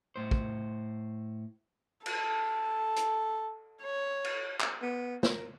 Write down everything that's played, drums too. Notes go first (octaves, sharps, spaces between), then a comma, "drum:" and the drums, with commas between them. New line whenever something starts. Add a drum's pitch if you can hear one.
A2 C5
drum: kick
A4, drum: cymbal
drum: hi-hat
C#5
drum: cymbal
drum: clap
B3
A#4, drum: snare